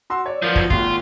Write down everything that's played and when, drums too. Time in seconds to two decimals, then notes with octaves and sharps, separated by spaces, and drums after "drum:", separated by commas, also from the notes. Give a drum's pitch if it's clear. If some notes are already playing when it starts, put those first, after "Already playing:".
0.10 F#4 C6 E6
0.26 C#5 D5
0.42 F3 B3 F4 A#4 D5
0.56 F#3 G#6, drum: kick
0.70 D#1 G#1 F4, drum: kick